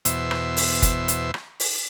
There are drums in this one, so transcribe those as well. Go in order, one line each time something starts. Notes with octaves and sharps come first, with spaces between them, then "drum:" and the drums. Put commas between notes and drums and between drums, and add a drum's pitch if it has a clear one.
E2 B2 C5 E5, drum: hi-hat
drum: rim click
drum: open hi-hat
drum: kick, hi-hat
drum: hi-hat
drum: rim click
drum: open hi-hat